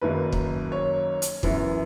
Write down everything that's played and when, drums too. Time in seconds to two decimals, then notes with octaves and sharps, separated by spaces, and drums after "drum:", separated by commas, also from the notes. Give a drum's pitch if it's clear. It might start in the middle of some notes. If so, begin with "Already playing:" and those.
0.02 F#1 F#2 D#3 F#3 A#3 B4
0.32 drum: kick
0.72 C#5
1.22 drum: hi-hat
1.43 F#2 E3 B3, drum: kick